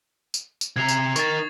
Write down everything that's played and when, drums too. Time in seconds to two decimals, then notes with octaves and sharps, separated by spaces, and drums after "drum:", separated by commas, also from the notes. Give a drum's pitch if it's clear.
0.34 drum: tambourine
0.61 drum: tambourine
0.76 C3 A#5 G#6 C7 F7
0.89 drum: tambourine
1.16 D#4 A#4 C#6 A6, drum: tambourine